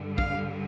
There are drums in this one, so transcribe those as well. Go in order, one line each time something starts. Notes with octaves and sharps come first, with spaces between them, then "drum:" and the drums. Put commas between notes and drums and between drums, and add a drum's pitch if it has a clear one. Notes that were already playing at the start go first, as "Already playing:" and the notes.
Already playing: G2 D3 G3
F5, drum: kick